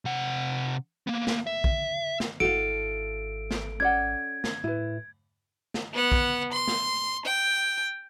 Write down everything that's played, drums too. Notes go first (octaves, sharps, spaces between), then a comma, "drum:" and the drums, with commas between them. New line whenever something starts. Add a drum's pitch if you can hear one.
C3 F#5
A#3 B3
drum: snare
E5
drum: kick A#1
drum: snare
G#1 E4 F#4 A4 F5 D7
drum: snare
C#4 D5 F#5 G#6
drum: snare
A2 E4 B4
drum: snare
B3 F#5
drum: kick A#1
C6
drum: snare
G5